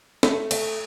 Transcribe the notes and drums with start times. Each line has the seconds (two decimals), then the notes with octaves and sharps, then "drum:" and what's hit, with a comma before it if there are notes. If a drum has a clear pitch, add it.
0.23 A3, drum: snare
0.51 A3, drum: cymbal